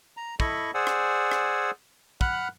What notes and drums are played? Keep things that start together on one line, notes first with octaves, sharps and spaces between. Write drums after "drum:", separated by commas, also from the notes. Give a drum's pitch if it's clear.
A#5
E4 A4 D#5 B5 C#6, drum: kick
G#4 C5 D5 F#5 G#5 E6
drum: rim click
drum: rim click
F#5 B5 F6 F#6, drum: kick